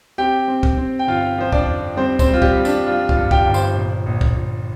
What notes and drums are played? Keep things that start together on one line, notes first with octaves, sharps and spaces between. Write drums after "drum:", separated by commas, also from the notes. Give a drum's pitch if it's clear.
C4 G4 G5
C4
drum: kick
C4
G5
G1 F4 F5
F3 C5
D4 D5, drum: kick
F2
G3 C4 C5
C4 C5, drum: kick, tambourine
G3
F4
G3 G4, drum: kick
G3
D4, drum: tambourine
G3 F4
F4, drum: kick
G2
G4 G5, drum: kick
G1
C5 C6, drum: tambourine
A#1
A#1
drum: kick
A#1